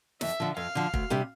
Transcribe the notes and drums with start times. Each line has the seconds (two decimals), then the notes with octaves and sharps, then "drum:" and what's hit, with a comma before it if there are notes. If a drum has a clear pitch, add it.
0.21 F2 E5, drum: snare
0.40 D3 F3
0.57 F2 F5
0.75 D3 F3
0.94 D2, drum: kick
1.10 C3 G3 D4 G4